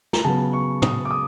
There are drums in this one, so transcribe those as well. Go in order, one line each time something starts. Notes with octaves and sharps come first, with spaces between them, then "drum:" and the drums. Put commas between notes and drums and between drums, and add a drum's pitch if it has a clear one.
A#5, drum: snare
C#3 F#3 B3 A5
C#6
D#6, drum: tom
D6
D#6